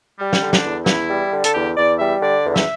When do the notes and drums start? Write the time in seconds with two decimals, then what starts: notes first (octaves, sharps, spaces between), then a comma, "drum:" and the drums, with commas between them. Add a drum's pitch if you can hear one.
0.19 G3
0.33 drum: snare
0.42 D3
0.53 D4, drum: snare
0.64 E2
0.86 E2 E4, drum: snare
1.09 G3
1.32 D3
1.44 A4, drum: hi-hat
1.54 E2 G4
1.76 E2 D5
1.99 G3 E5
2.21 D3 D5
2.45 E2
2.56 E5, drum: snare